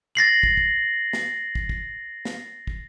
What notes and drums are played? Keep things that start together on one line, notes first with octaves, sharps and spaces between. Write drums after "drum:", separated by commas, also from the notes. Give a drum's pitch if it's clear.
A6 A#6 C7 F#7
drum: kick
drum: kick
drum: snare
drum: kick
drum: kick
drum: snare
drum: kick